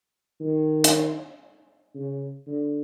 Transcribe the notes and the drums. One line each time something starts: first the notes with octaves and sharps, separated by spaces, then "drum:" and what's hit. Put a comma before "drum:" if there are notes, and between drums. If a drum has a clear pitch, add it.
D#3
drum: hi-hat
C#3
D3